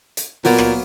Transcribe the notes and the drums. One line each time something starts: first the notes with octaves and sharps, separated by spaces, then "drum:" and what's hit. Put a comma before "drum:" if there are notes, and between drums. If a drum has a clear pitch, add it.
drum: hi-hat
A#2 F#3 A#3 B3, drum: open hi-hat
drum: rim click